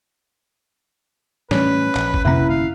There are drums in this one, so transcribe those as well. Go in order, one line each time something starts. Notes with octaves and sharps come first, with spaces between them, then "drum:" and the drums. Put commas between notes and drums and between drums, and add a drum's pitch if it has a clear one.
A2 E3 G3 C#4 B4, drum: snare
A#1, drum: clap
drum: kick G1
G1 F2 C3 A#3 C#4 E4 B4 A#5
F5